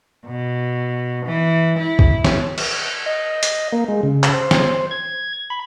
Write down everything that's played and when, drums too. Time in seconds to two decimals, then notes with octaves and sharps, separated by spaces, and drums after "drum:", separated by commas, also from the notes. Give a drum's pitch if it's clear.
0.26 B2
1.26 E3
1.78 E4
1.99 drum: kick
2.25 drum: snare
2.58 drum: cymbal
3.06 D#5
3.43 drum: hi-hat
3.72 A#3
3.88 G#3
4.03 C#3
4.23 drum: clap
4.33 C5
4.51 drum: snare
4.91 G#6
5.50 B5